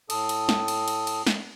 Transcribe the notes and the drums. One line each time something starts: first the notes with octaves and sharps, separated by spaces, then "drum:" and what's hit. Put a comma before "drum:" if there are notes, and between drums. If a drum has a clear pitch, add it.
A2 A4 D#6, drum: cymbal
drum: cymbal
drum: snare
drum: cymbal
drum: cymbal
drum: cymbal
drum: snare